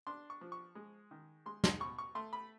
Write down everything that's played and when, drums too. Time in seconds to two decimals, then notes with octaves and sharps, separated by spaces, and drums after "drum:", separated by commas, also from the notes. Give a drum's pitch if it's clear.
0.07 D4 C6
0.30 C#6
0.41 F3
0.52 C#6
0.75 G#3
1.11 D#3
1.46 G#3 C6
1.64 C6, drum: snare
1.80 B2 C#6
1.98 C#6
2.15 A3 C6
2.33 B5